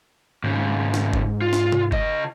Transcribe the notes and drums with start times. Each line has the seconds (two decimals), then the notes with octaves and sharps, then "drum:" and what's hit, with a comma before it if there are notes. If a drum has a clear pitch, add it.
0.44 D#2 G#2 C#3
0.94 drum: snare
1.13 drum: kick F#1
1.42 F4
1.53 drum: snare
1.72 drum: tom C3
1.92 C#3 D#5, drum: kick F#1